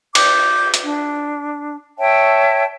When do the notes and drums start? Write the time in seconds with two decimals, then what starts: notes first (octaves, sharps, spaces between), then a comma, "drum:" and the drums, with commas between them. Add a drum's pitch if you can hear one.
0.15 D6 G6, drum: cymbal
0.74 drum: hi-hat
0.83 D4
1.98 C#5 E5 G5 A5